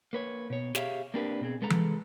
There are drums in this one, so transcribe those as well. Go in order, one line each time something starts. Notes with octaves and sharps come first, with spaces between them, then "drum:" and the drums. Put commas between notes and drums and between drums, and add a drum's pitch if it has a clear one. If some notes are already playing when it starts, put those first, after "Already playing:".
A#3 B4 C#5
B2 C#5
G4 G#4 C#5 E5 F5, drum: snare
A#3 C4 D4 G4 A#4 B4
B2 C4 G#4
C2 G#3 A4 B4 A#5
drum: tom E3